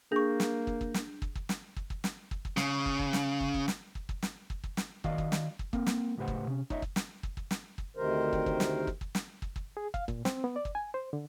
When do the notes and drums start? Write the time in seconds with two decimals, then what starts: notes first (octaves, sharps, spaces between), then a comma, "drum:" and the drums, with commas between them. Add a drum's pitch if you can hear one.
0.12 A#3 D4 G#4 C#6 G6 A#6
0.40 drum: snare
0.67 drum: kick
0.81 drum: kick
0.94 drum: snare
1.22 drum: kick
1.35 drum: kick
1.49 drum: snare
1.76 drum: kick
1.90 drum: kick
2.04 drum: snare
2.31 drum: kick
2.45 drum: kick
2.57 C#3, drum: snare
2.86 drum: kick
2.99 drum: kick
3.13 drum: snare
3.41 drum: kick
3.54 drum: kick
3.68 drum: snare
3.95 drum: kick
4.09 drum: kick
4.23 drum: snare
4.50 drum: kick
4.64 drum: kick
4.77 drum: snare
5.04 D#3 F#4 D5 D#5 F5, drum: kick
5.18 drum: kick
5.32 drum: snare
5.59 drum: kick
5.73 A#3 C4 A#4, drum: kick
5.87 drum: snare
6.17 C#2 A2 G4 B4 C5 F#5
6.28 drum: kick
6.47 C3 C#4
6.70 D#4 C#5 D#5 E5, drum: kick
6.82 drum: kick
6.96 drum: snare
7.23 drum: kick
7.37 drum: kick
7.51 drum: snare
7.78 drum: kick
7.97 D2 C3 D#3 A#4 C5
8.33 drum: kick
8.46 drum: kick
8.60 drum: snare
8.87 drum: kick
9.01 drum: kick
9.15 drum: snare
9.42 drum: kick
9.56 drum: kick
9.77 G#4
9.94 F5, drum: kick
10.08 A#2, drum: kick
10.25 C4, drum: snare
10.44 B3
10.56 D5
10.65 drum: kick
10.75 G#5
10.94 C5
11.13 D3